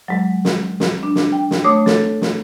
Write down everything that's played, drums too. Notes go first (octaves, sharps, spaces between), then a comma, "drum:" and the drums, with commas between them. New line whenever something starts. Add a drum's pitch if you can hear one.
F#3 G#3
drum: snare
drum: snare
D4
drum: snare
G5
drum: snare
A3 C#5 D6 D#6
A4, drum: snare
drum: snare